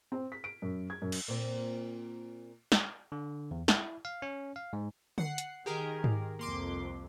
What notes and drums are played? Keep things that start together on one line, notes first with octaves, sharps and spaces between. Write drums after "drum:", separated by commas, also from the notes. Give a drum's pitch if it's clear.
C4
B6
D7
F#2
G#6
F#2
drum: cymbal
A#2 C4
drum: snare
D3
E2
E4, drum: snare
F5
C#4
F5
G#2
F#5 C7, drum: tom D3
drum: hi-hat
D#3 G4 G#4 A#4
drum: tom G#2
C2 F2 A#3 C6 D6